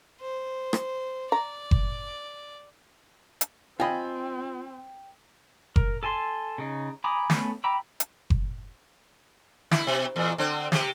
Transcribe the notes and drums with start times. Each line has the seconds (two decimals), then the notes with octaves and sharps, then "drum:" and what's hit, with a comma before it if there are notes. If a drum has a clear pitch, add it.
0.21 C5
0.73 drum: rim click
1.32 D5 A#5
1.71 drum: kick F#1
3.41 drum: hi-hat
3.80 C4 F4 D#5 G5 G#5 B5
5.76 A#4, drum: kick F#1
6.03 A4 G#5 A5 C6
6.58 C#3 D#4
7.04 G#5 A#5 B5 D6 D#6
7.30 A3 B3 C#4, drum: snare
7.64 G5 A#5 B5 D6 E6
8.00 drum: hi-hat
8.30 drum: kick F#1
9.71 E4, drum: snare
9.87 B2
10.16 E2 A#2
10.38 D3 C4
10.72 C3 G4, drum: snare